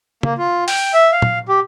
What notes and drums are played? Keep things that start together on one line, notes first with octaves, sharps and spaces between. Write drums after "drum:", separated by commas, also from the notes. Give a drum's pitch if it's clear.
A#3, drum: tom C#3
F4
G5, drum: open hi-hat
E5
F5
drum: tom
G4